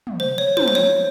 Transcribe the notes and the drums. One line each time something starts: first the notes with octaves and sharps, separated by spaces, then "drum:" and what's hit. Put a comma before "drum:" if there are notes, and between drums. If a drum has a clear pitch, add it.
drum: tom
C5
C#5
C5, drum: tom
C5
C#5